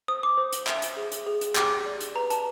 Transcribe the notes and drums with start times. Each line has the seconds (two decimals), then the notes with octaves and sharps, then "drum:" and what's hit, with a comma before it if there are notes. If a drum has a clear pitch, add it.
0.08 C5 D#6
0.23 D6
0.37 C5
0.53 drum: hi-hat
0.67 E5, drum: clap
0.82 drum: hi-hat
0.97 G#4
1.12 drum: hi-hat
1.27 G#4
1.41 drum: hi-hat
1.56 G4 D6, drum: clap
1.85 D5
2.01 drum: hi-hat
2.15 B4 A#5
2.30 A5, drum: hi-hat